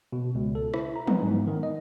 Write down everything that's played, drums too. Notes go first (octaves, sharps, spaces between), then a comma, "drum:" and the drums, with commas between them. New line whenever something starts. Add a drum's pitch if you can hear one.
B2
C#2
A4
E4, drum: rim click
A#5
B3, drum: tom E3
G#2
D#3
D#5